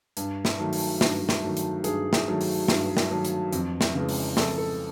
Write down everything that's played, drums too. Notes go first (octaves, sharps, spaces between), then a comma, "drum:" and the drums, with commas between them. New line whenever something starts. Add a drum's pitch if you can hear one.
G2, drum: hi-hat
drum: snare
D#3 F#3 A3
drum: open hi-hat
G2, drum: snare
drum: snare
D#3 F#3 A3
drum: hi-hat
G2 G#4, drum: hi-hat
drum: snare
D#3 F#3 A3
drum: open hi-hat
G2, drum: snare
drum: snare
D#3 F#3 A3
drum: hi-hat
F2, drum: hi-hat
drum: snare
C#3 E3 G#3
drum: open hi-hat
F2 A4, drum: snare
A4